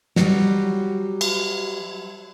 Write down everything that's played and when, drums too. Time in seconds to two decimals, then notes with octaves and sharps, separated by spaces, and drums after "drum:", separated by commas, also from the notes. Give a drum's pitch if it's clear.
0.16 F#3 G3, drum: snare
1.21 drum: cymbal